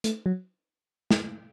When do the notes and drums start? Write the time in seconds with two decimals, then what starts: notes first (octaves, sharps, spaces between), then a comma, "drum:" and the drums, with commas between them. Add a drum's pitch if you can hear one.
0.04 A3, drum: hi-hat
0.26 F#3
1.11 drum: snare